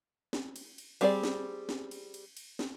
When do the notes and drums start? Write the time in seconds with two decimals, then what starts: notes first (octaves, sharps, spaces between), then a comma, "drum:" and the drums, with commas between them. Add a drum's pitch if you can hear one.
0.33 drum: snare
0.56 drum: cymbal
0.78 drum: cymbal
1.01 G3 C4 G#4 B4 D5, drum: cymbal
1.24 drum: snare
1.69 drum: snare
1.91 drum: cymbal
2.14 drum: cymbal
2.37 drum: cymbal
2.59 drum: snare